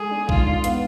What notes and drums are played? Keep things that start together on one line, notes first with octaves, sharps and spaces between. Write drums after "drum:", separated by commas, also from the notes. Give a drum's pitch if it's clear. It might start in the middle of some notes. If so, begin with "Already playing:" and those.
Already playing: G#3 G#4 A4
D4
G#2 F4, drum: kick A#1
D4
B3, drum: hi-hat